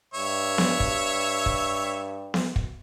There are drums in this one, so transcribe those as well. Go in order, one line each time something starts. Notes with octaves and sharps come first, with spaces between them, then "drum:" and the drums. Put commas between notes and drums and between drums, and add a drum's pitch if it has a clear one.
G2 C#5 E5
drum: snare B3
drum: kick
drum: kick
drum: snare B3
drum: kick